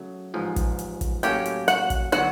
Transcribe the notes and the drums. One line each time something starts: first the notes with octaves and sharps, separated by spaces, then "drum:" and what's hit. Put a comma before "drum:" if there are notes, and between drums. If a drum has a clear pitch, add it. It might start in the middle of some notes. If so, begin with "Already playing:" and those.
Already playing: C#3 F#3 A3
A1 G#2 F3
drum: kick, hi-hat
drum: hi-hat
drum: kick, hi-hat
A2 F#3 A#3 C#4 G4 G5, drum: hi-hat
drum: hi-hat
F#4 F#5, drum: hi-hat
drum: kick, hi-hat
D3 F#3 B3 F#4 F#5, drum: hi-hat